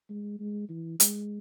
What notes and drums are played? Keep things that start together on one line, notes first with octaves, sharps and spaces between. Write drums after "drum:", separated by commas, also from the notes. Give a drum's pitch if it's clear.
G#3
G#3
E3
G#3, drum: hi-hat